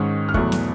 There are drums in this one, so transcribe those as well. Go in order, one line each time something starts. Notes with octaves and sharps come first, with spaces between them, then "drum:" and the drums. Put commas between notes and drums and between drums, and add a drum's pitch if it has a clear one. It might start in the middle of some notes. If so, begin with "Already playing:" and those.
Already playing: G#2 D#3 G#3 C#4
F6
E2 B2 F#3 A3 F#6, drum: kick
drum: snare